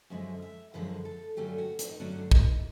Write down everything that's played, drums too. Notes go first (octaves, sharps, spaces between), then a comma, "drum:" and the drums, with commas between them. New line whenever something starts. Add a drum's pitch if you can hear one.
F#2 D3 F3 G#3 E5
E5
F#2 D3 F3 G#3 B4
A4
G2 D3 F#3 A3 C#4 G4
F#4
D4, drum: hi-hat
D#4
G2 D3 F#3 A3 C#4 D4
D#4, drum: kick